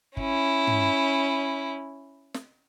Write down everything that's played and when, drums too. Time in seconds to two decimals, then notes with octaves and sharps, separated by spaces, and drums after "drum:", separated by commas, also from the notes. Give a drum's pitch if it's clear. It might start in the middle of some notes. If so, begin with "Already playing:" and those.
0.17 C#4 E4, drum: kick
0.67 drum: tom
2.34 drum: snare